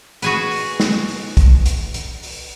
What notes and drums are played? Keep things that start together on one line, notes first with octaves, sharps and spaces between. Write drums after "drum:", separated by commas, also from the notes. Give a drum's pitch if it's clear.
F#4 G#4 B4, drum: hi-hat
drum: open hi-hat
drum: snare
drum: open hi-hat
drum: kick, hi-hat
drum: hi-hat
drum: hi-hat
drum: open hi-hat